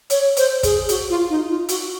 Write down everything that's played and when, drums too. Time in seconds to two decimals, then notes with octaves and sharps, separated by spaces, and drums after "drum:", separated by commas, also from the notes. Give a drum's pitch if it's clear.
0.10 C#5, drum: hi-hat
0.37 C5, drum: hi-hat
0.63 G#4, drum: kick, hi-hat
0.89 F#4, drum: hi-hat
1.09 F4
1.29 D#4
1.49 F4
1.69 F#4, drum: hi-hat